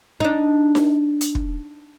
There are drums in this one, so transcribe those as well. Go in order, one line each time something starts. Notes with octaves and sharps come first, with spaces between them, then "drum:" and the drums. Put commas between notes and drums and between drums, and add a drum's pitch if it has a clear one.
D4 D#4
drum: snare D#4
drum: hi-hat
drum: kick